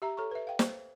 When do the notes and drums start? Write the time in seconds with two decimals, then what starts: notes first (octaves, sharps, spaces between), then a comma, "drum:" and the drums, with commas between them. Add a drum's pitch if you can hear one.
0.02 G4 E5 A#5
0.17 A4 C#5 A#5 C#6
0.31 B4 E5
0.47 F5 G5
0.59 C5, drum: snare